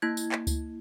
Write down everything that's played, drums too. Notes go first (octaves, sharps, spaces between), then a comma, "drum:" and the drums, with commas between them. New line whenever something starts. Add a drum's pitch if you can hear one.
A#3 E4 G#6
drum: tambourine
drum: clap
drum: kick C#2, tambourine